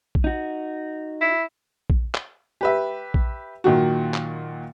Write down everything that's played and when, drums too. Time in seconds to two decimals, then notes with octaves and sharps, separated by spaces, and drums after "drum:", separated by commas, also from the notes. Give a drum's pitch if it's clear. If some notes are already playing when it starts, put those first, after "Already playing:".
0.15 drum: kick A#1
0.24 D#4 F#4
1.21 E4
1.90 drum: kick A#1
2.15 drum: clap
2.61 G4 B4 E5
3.14 drum: kick A#1
3.64 A#2 D#3 F#3 F#4
4.14 drum: clap